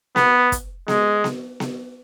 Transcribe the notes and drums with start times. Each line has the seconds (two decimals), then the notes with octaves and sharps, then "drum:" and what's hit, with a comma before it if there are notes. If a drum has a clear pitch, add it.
0.16 B3, drum: snare B3
0.52 drum: kick, hi-hat
0.88 G#3, drum: snare B3
1.24 drum: snare B3
1.60 drum: snare B3